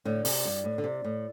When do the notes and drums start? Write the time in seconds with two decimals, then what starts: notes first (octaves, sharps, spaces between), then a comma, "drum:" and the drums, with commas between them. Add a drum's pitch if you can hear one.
0.05 A2 D3 D5
0.25 C3, drum: open hi-hat
0.45 G2
0.64 A2
0.78 D3
0.84 C3
1.04 A2